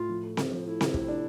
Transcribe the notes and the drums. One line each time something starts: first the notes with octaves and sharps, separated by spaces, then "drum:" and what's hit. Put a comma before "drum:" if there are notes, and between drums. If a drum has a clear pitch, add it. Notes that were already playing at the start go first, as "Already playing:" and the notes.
Already playing: A2 F4
F3
A3
A3, drum: snare C4
F3
A3 E4
C3, drum: snare C4
A3, drum: kick
D4